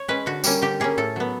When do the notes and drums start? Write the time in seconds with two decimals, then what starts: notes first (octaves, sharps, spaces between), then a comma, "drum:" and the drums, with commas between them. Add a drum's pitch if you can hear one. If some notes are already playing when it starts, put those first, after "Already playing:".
Already playing: C#5
0.08 G#3 C#4 B4
0.26 D3 F#4
0.44 G3 A#3 C#4, drum: tambourine
0.62 D3 G4
0.80 G3 A#3 C#4 G#4
0.97 A2 A4
1.16 F#3 B3